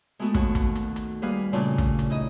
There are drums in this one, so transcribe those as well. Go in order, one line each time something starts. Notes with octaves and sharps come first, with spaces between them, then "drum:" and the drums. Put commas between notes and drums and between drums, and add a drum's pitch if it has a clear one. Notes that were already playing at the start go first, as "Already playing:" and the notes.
G#3 A3 B3 F#4 A4
D#2 F#4, drum: kick, hi-hat
drum: kick, hi-hat
drum: hi-hat
drum: hi-hat
G3 A#3 G#4 B4 F5
G2 A#2 C#3 A3 D4
drum: kick, hi-hat
drum: hi-hat
D#4 E4 D#5